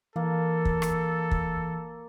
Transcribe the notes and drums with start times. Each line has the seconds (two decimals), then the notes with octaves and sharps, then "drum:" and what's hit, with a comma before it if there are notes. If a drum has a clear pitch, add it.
0.16 E3 A#3 A4
0.65 drum: kick
0.82 drum: rim click
1.31 drum: kick